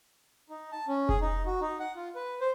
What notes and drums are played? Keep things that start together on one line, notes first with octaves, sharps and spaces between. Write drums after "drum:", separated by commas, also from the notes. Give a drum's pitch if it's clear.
D#4
A5
C#4
G#4, drum: kick F1
D#4
F#4
D#4
F#5
F4
B4
C5